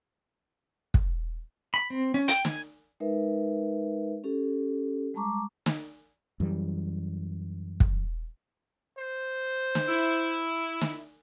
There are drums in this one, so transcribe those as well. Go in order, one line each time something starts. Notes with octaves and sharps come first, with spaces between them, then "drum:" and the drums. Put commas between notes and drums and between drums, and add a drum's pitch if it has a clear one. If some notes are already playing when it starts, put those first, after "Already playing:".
drum: kick
B5
C4
C#4
G5, drum: hi-hat
G#5, drum: snare
G#3 D#4 A#4 B4 E5
C#4 G4 A4
G3 G#3 A5 A#5 C#6 D6
drum: snare
F#2 E3 G3
drum: kick
C5
drum: snare
E4
drum: snare